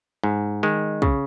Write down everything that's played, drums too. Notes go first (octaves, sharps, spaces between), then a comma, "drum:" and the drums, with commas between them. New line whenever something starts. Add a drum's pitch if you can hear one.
G#2
D#3 G#3
C#3, drum: kick